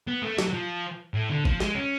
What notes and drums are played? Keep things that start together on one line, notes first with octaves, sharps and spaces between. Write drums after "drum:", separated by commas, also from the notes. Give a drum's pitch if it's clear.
B3
A3
F#3, drum: snare
F#3
F3
A2
D3
F3, drum: kick
G#3, drum: snare
C#4